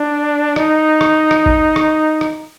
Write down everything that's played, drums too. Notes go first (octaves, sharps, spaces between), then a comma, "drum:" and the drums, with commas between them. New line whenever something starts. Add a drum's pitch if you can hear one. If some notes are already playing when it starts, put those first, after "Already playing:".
Already playing: D4
D#4, drum: rim click
drum: rim click
drum: rim click
drum: kick G#1
drum: rim click
drum: rim click